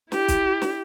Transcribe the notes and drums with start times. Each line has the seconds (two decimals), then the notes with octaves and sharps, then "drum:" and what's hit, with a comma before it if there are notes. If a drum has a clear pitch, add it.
0.12 E4 G4, drum: snare
0.28 drum: kick B1, hi-hat
0.62 drum: snare